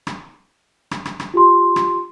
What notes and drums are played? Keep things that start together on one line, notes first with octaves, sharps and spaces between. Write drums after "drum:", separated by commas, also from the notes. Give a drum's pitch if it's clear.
drum: rim click
drum: rim click
drum: rim click
drum: rim click
F4 G4 C6
drum: rim click